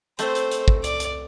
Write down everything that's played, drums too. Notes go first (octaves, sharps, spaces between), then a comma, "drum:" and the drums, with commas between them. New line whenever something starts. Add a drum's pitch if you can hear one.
A3 C4 C5, drum: hi-hat
drum: hi-hat
drum: hi-hat
drum: kick
D5, drum: hi-hat
drum: hi-hat